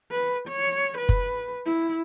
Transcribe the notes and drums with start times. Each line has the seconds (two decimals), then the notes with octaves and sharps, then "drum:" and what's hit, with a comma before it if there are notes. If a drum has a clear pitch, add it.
0.11 B4
0.48 C#5
0.97 B4
1.09 drum: kick
1.66 E4